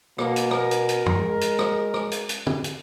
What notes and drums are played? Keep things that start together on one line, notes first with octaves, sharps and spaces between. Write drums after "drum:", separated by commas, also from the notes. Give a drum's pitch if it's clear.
B2 A#3, drum: rim click
drum: hi-hat
A#4, drum: rim click
drum: hi-hat
drum: hi-hat
drum: tom
G#3
drum: hi-hat
drum: rim click
drum: rim click
drum: hi-hat
drum: hi-hat
drum: tom
drum: hi-hat